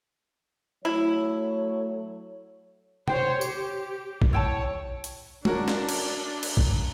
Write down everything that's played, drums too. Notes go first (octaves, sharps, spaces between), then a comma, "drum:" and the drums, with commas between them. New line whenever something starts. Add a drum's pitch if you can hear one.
F#3 A3 E4 C#5
C5 C#5 G5, drum: tom C3
G4, drum: tambourine
drum: kick A#1
E4 C#5 G5 A5
drum: hi-hat
C#4 D4 F#4 A#4, drum: tom
drum: snare
drum: cymbal
drum: cymbal
drum: kick A#1